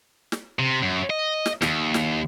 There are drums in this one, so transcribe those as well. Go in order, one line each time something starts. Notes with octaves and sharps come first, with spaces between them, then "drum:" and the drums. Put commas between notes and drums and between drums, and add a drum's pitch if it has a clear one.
drum: snare
C3
F#2
D#5
drum: snare
D#2, drum: snare
drum: snare